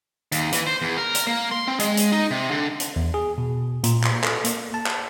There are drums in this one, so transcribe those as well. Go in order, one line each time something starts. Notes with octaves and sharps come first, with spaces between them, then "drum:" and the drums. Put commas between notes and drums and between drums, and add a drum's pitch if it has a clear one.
D#2, drum: hi-hat
E3, drum: hi-hat
C5
E2
A#4
drum: hi-hat
A#3
C6
C4
G#3, drum: hi-hat
drum: hi-hat
D#4
C3
D3
drum: hi-hat
E2
G#4
B2
A#2, drum: hi-hat
drum: clap
A4, drum: clap
A#3, drum: hi-hat
A5
drum: clap